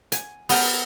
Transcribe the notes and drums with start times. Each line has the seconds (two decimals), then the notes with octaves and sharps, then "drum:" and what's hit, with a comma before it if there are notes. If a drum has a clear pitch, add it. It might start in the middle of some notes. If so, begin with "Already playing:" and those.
0.12 G#5, drum: hi-hat
0.49 B3 A#4 G5 A#5, drum: open hi-hat